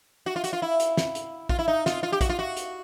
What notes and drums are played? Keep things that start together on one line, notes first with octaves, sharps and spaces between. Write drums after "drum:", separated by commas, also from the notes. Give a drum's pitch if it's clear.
F#4
F4
F#4, drum: hi-hat
F4
E4
drum: hi-hat
drum: snare
drum: hi-hat
F4, drum: kick A#1
E4
D#4
F4, drum: snare
F4
G4
F#4, drum: kick A#1, hi-hat
F4
F#4
drum: hi-hat